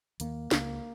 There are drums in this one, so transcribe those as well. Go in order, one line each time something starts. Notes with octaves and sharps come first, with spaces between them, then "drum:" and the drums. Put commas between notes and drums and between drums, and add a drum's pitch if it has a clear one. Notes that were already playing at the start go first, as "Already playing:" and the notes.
D#2 D#3 A#3, drum: hi-hat
C#2 C#3 A#3, drum: snare